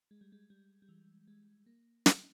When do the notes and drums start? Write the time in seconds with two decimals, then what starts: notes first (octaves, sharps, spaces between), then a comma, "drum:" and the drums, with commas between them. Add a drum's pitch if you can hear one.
0.11 G#3
0.21 G3
0.32 G#3
0.50 G3
0.82 G3
0.89 E3
1.27 G#3
1.66 A#3
2.06 C#4, drum: snare